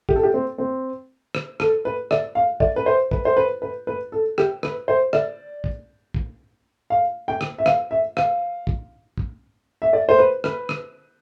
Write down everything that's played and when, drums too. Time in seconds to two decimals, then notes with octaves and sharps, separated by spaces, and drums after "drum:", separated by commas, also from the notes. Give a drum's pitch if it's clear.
0.09 G4, drum: kick
0.16 A4
0.23 G4
0.34 C4
0.58 C4
1.35 drum: rim click
1.60 A4, drum: rim click
1.85 B4
2.11 D5, drum: rim click
2.35 F5
2.60 D5, drum: kick
2.76 B4
2.86 C5
3.11 B4, drum: kick
3.25 C5
3.37 B4
3.62 B4
3.87 B4
4.12 A4
4.38 G4, drum: rim click
4.63 B4, drum: rim click
4.88 C5
5.13 D5, drum: rim click
5.64 drum: kick
6.14 drum: kick
6.90 F5
7.28 G5
7.41 drum: rim click
7.58 E5
7.66 F5, drum: rim click
7.91 E5
8.17 F5, drum: rim click
8.67 drum: kick
9.18 drum: kick
9.82 E5
9.93 D5
10.09 C5
10.19 B4
10.44 B4, drum: rim click
10.69 drum: rim click